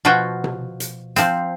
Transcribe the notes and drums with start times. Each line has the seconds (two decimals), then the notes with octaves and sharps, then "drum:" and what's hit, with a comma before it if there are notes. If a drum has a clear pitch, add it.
0.05 B2 F3 F4 F#4 G5
0.44 drum: tom C3
0.80 drum: hi-hat
1.16 F3 C4, drum: hi-hat